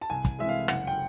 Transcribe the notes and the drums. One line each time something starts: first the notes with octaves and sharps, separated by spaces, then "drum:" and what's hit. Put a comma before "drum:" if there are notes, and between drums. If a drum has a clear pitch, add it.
A5
C2 G#5
drum: kick, hi-hat
C3 E3 G#3 E5
F5
F#1 F#5, drum: rim click
G5